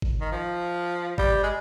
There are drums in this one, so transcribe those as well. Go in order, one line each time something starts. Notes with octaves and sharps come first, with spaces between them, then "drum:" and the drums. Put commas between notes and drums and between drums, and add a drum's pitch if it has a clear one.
drum: kick G1
D#3
F3
G3, drum: kick G1
G#3